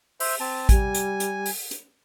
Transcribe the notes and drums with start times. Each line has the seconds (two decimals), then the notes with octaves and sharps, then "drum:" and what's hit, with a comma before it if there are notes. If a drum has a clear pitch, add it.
0.20 C5 E5, drum: open hi-hat
0.40 C4 A5
0.69 G3 G#5, drum: kick A1, hi-hat
0.94 drum: hi-hat
1.20 drum: hi-hat
1.46 drum: open hi-hat
1.71 drum: hi-hat